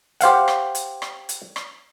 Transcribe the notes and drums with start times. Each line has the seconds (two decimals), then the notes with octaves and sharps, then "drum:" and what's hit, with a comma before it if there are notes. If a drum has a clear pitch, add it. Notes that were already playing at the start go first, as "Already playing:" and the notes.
0.21 G4 C5 F5 F#5, drum: hi-hat
0.48 drum: rim click
0.75 drum: hi-hat
1.02 drum: rim click
1.29 drum: hi-hat
1.56 drum: rim click